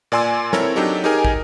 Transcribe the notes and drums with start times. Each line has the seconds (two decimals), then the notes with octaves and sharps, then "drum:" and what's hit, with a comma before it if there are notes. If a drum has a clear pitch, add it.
0.12 A#2 D5 G#5 C6 E6
0.53 C4 E4 A4 A#4 C#5, drum: snare
0.76 F#3 D4 D#4 G4 A4
1.04 D#4 G4 G#4 A#4 G#5
1.25 drum: kick